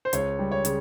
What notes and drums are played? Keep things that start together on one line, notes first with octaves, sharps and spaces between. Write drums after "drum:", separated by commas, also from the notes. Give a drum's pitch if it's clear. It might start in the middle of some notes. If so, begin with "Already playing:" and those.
C5
C#2 C#5, drum: hi-hat
G3
C#5
C#3, drum: hi-hat